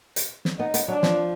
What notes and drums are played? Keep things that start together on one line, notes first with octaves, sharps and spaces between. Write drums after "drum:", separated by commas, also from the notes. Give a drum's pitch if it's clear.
drum: hi-hat
drum: snare
B3 D#4
B3, drum: hi-hat
F#3 D4
F3, drum: snare